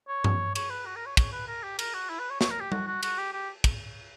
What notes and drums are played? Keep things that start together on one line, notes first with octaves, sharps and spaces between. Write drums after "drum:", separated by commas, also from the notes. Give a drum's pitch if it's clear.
C#5
drum: tom G2
C#5, drum: cymbal
B4
F#4
A#4
C#5
C#5, drum: kick, cymbal
B4
A#4
G4
A#4, drum: cymbal
F#4
E4
B4
C#5
C#5, drum: snare
A#4
G4
F#4, drum: tom G3
F#4
F#4, drum: cymbal
G4
G4
drum: kick, cymbal